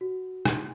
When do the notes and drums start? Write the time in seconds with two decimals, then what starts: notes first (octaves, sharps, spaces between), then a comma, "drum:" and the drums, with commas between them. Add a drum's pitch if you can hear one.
0.01 F#4
0.46 drum: rim click